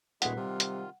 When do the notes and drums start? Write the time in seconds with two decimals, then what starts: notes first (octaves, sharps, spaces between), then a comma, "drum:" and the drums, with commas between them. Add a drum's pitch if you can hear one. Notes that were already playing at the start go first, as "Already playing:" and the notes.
0.22 D#1 A#2 G#3 A3 G#4 B4 F#5 B6, drum: hi-hat
0.37 C3 D#3 G3 F4
0.60 drum: hi-hat